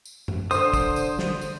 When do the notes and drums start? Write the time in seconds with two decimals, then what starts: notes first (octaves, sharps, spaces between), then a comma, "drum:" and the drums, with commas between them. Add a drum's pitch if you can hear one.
0.05 drum: tambourine
0.28 drum: tom F#2
0.51 D3 C5 D#6, drum: tambourine
0.73 drum: kick, tambourine
0.96 drum: tambourine
1.19 drum: snare
1.41 drum: tambourine